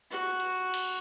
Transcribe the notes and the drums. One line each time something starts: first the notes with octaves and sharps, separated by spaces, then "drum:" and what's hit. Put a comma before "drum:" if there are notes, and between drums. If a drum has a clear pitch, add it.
F#4
drum: hi-hat
drum: cymbal